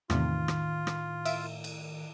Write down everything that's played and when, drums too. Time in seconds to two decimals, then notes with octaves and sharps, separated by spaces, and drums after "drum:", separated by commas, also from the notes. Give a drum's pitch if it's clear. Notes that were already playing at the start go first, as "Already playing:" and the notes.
0.10 E2 A2 C3 D#3 F4, drum: rim click
0.48 drum: rim click
0.87 drum: rim click
1.25 E5 F5 D7, drum: cymbal
1.64 drum: cymbal